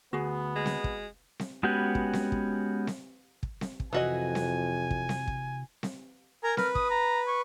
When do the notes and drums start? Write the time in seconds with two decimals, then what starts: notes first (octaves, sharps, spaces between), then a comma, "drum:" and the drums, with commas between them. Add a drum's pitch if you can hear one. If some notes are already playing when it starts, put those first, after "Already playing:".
0.13 D2 B3 F#4 G#4
0.56 G#3
0.66 drum: snare C4
0.84 drum: kick
1.39 drum: snare C4
1.63 G#3 B3 C#4 F#4 G4 B4
1.95 drum: kick
2.13 drum: snare C4
2.32 drum: kick
2.87 drum: snare C4
3.43 drum: kick
3.61 drum: snare C4
3.80 drum: kick
3.93 F2 C3 E3 F#4 D#5 G#5
4.35 drum: snare C4
4.90 drum: kick
5.09 drum: snare C4
5.27 drum: kick
5.83 drum: snare C4
6.44 A#4 G#5 A#5
6.57 A#4 B4, drum: snare C4
6.75 D#6, drum: kick
6.91 A#5
7.27 C#6